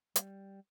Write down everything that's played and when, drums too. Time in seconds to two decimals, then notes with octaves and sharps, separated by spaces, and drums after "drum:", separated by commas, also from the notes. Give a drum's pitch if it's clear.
0.16 G3, drum: hi-hat